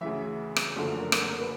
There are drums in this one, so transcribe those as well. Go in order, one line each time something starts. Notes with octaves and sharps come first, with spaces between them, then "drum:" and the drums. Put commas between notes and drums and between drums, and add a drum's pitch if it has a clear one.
D2 C#3 E3 E5
drum: rim click
F#1 F#2 D3 F3 A3
A#4
drum: rim click
A#4
B4